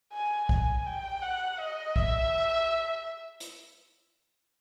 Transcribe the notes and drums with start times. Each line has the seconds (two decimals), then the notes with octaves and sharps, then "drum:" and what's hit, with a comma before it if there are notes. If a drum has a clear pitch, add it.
0.13 G#5
0.49 G#5, drum: kick B1
0.86 G5
1.22 F#5
1.59 D#5
1.96 E5, drum: kick B1
3.40 drum: hi-hat